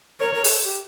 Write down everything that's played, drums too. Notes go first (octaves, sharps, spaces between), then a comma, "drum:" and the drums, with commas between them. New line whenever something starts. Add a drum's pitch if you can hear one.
A#4 C#5
A#4
G#4, drum: open hi-hat
A4
G4